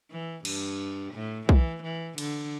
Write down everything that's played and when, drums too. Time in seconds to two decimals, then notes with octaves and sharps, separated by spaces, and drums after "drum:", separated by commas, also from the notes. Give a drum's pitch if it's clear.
0.11 E3
0.45 G2, drum: cymbal
1.14 A2
1.49 E3, drum: kick B1
1.83 E3
2.18 D3, drum: cymbal